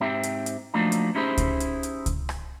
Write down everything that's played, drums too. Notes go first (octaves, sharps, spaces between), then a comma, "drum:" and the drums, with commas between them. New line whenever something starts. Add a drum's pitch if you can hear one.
G#2 C4 D#4 G4 E5 G5
drum: hi-hat
drum: hi-hat
F3 F#3 A3 A#3 D4 D#4
drum: hi-hat
C#4 D#4 E4 G4 G#4 C5
drum: kick C#2, hi-hat
drum: hi-hat
drum: hi-hat
drum: kick C#2, hi-hat
drum: rim click